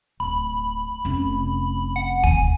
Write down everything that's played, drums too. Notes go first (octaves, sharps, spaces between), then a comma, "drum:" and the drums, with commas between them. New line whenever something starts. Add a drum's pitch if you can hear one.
D1 B5
F1 C#4
F#5
G#5, drum: kick